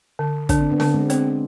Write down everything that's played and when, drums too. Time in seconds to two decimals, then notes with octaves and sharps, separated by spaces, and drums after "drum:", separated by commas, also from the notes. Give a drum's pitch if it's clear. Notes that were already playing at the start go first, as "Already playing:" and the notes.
0.19 D3
0.49 D3 D4, drum: kick, hi-hat
0.60 C4
0.72 B3 D4
0.80 D3, drum: snare
0.94 G#3 C4
1.10 C4, drum: hi-hat